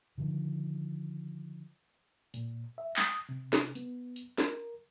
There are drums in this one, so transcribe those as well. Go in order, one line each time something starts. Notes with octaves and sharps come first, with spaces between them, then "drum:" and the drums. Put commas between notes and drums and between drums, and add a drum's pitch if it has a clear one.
D3 D#3 F3
A#2, drum: hi-hat
E5
D#6, drum: clap
C3
drum: snare
B3, drum: hi-hat
drum: hi-hat
A#4, drum: snare